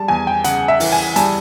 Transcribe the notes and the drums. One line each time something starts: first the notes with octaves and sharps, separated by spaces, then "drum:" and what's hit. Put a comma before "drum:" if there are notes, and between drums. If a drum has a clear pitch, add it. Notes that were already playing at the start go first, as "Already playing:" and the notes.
Already playing: G3 A5
E2 G#5
G5
C#3 F#5, drum: hi-hat
E5
E3, drum: open hi-hat
G#5
G3 A5, drum: hi-hat